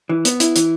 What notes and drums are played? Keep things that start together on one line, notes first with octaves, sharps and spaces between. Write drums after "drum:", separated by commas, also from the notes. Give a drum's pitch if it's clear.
E3
B3, drum: hi-hat
E4, drum: hi-hat
E3, drum: hi-hat